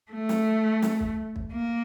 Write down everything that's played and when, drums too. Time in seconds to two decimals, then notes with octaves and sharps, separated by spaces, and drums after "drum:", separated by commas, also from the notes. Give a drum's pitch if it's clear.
0.11 A3
0.29 drum: snare
0.82 drum: snare
1.00 drum: kick
1.36 drum: kick
1.53 A#3